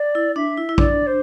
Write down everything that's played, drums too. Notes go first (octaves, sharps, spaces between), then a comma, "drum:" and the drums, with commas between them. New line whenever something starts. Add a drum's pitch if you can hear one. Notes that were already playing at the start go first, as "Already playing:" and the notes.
Already playing: D5
E4
D4 E5
E4
E4
D4 D5, drum: kick A#1
C5